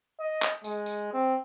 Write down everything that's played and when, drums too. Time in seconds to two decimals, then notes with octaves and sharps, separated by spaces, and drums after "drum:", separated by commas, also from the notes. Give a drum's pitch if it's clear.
0.20 D#5
0.43 drum: clap
0.64 G#3, drum: tambourine
0.86 drum: tambourine
1.13 C4